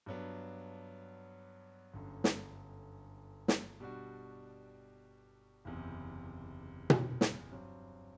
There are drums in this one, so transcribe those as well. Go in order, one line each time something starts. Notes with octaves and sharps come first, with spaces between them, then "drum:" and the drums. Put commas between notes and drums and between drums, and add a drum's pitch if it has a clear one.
G2 F#3 B3 D4
G1 F#2 D3
drum: snare
drum: snare
B2 G3 D4 F#4
F#1 E2 C3
drum: tom B2
drum: snare
G2 F#3 C4